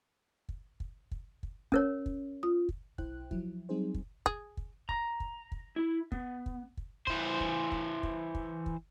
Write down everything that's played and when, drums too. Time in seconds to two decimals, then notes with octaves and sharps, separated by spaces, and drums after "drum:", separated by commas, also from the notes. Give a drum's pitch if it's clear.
0.49 drum: kick
0.80 drum: kick
1.11 drum: kick
1.43 drum: kick
1.72 C#4 A#4 C#5, drum: kick
2.06 drum: kick
2.43 F4 D#6
2.69 drum: kick
2.98 B1 E4 C5 G5 F#6, drum: kick
3.31 F3 F#3 E4, drum: kick
3.69 F#3 G3 C4 D#4 G#4 C5
3.94 drum: kick
4.26 G#4, drum: kick
4.57 drum: kick
4.89 A#5, drum: kick
5.20 drum: kick
5.52 drum: kick
5.76 E4
6.12 B3, drum: kick
6.46 drum: kick
6.77 drum: kick
7.07 E3 C5, drum: kick
7.40 drum: kick
7.72 drum: kick
8.03 drum: kick
8.35 drum: kick
8.66 drum: kick